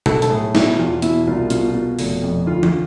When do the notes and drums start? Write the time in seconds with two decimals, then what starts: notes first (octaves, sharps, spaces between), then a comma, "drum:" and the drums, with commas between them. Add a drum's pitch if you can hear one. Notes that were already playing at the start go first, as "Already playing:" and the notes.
0.06 B1 A4, drum: tom B2
0.22 A4, drum: hi-hat
0.30 A2 G#4
0.55 B2 E4, drum: snare
0.78 E2 F4
1.02 B2 E4, drum: hi-hat
1.27 C2 F4
1.50 B2 F4, drum: hi-hat
1.75 B2
1.99 F1, drum: open hi-hat
2.23 F2
2.46 D2 F4
2.63 drum: tom E3